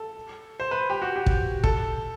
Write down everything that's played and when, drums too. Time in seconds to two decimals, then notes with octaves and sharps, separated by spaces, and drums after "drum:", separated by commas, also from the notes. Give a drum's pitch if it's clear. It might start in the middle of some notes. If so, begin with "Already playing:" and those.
Already playing: A4
0.60 C5
0.71 B4
0.90 G4
1.02 F#4
1.16 G4
1.26 drum: kick
1.64 A4, drum: kick